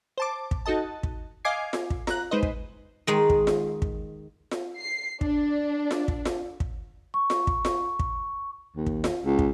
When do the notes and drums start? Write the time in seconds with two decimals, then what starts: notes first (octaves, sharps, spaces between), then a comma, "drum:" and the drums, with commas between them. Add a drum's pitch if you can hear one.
0.18 C5 A5 D6
0.51 drum: kick
0.66 D#4 F#4 A4 D#5 A5
1.03 drum: kick
1.45 D#5 F5 G#5 D6 G#6 C7
1.73 drum: snare F4
1.90 drum: kick
2.07 A#5 F#6, drum: snare F4
2.31 G#3 D#4 B4 C5 D#5
2.43 drum: kick
3.07 D#3 G#3
3.30 drum: kick
3.47 drum: snare F4
3.82 drum: kick
4.51 drum: snare F4
4.78 C7
5.21 D4, drum: kick
5.91 drum: snare F4
6.08 drum: kick
6.25 drum: snare F4
6.60 drum: kick
7.14 C#6
7.30 drum: snare F4
7.47 drum: kick
7.65 drum: snare F4
7.99 drum: kick
8.77 D#2
8.86 drum: kick
9.04 drum: snare F4
9.25 C#2
9.39 drum: kick